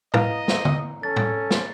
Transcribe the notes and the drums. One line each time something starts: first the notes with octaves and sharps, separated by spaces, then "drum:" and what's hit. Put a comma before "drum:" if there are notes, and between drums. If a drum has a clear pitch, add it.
E4 B4 D#5 F5 A#5, drum: tom
drum: snare
drum: tom
C#4 A4 A6
drum: tom
drum: snare